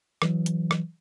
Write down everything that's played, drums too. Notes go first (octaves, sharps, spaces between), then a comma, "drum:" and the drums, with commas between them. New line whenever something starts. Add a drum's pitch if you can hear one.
E3 F#3, drum: rim click
drum: hi-hat
drum: rim click